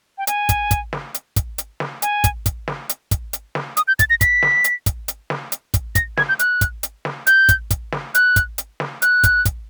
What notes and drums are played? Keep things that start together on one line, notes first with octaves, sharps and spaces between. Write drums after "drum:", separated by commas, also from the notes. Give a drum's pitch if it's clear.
G5
G#5, drum: hi-hat
drum: kick, hi-hat
drum: kick, hi-hat
drum: snare
drum: hi-hat
drum: kick, hi-hat
drum: hi-hat
drum: snare
G#5, drum: hi-hat
drum: kick, hi-hat
drum: kick, hi-hat
drum: snare
drum: hi-hat
drum: kick, hi-hat
drum: hi-hat
drum: snare
D#6, drum: hi-hat
G6
A6, drum: kick, hi-hat
A#6
B6, drum: kick, hi-hat
drum: snare
drum: hi-hat
drum: kick, hi-hat
drum: hi-hat
drum: snare
drum: hi-hat
drum: kick, hi-hat
A#6, drum: kick, hi-hat
G#6, drum: snare
G6
F#6, drum: hi-hat
drum: kick, hi-hat
drum: hi-hat
drum: snare
G6, drum: hi-hat
drum: kick, hi-hat
drum: kick, hi-hat
drum: snare
F#6, drum: hi-hat
drum: kick, hi-hat
drum: hi-hat
drum: snare
F#6, drum: hi-hat
drum: kick, hi-hat
drum: kick, hi-hat